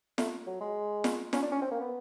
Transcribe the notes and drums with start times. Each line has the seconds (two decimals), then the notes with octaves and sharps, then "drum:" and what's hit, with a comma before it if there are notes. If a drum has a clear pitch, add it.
0.18 A3, drum: snare
0.47 F#3
0.61 G#3
1.04 drum: snare
1.33 C#4, drum: snare
1.42 D4
1.52 C#4
1.61 C4
1.71 A#3
1.81 B3